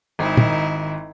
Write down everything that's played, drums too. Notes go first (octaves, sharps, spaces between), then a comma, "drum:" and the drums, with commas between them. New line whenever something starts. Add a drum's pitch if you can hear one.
G#1 D#3 D#4 E4
drum: tom